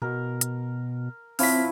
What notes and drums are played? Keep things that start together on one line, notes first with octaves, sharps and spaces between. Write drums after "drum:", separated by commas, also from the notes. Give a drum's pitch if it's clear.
B2 A#4
drum: hi-hat
F3 C4 E4 C#5 F6 B6, drum: open hi-hat